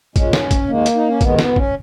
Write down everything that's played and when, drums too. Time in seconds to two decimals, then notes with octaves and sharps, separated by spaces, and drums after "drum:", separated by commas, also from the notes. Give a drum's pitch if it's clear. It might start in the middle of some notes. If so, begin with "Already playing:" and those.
0.16 A#2 G#3 C#4, drum: kick, hi-hat
0.33 drum: snare
0.51 drum: kick, hi-hat
0.68 D#2 D#3 G#3 A#3
0.86 drum: hi-hat
0.95 D#4
1.08 C#4
1.21 D#2 D#3 G#3 B3, drum: kick, hi-hat
1.39 B3, drum: snare
1.56 C#4, drum: kick